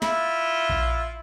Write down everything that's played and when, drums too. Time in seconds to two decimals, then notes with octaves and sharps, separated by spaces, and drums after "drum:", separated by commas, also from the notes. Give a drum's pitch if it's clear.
0.02 E4 F4, drum: snare
0.69 drum: kick A#1